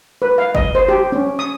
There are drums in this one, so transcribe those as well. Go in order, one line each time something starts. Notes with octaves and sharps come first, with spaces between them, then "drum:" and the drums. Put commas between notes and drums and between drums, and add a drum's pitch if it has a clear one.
B4
F5
D#5, drum: kick
C5
G4
C#4
D#6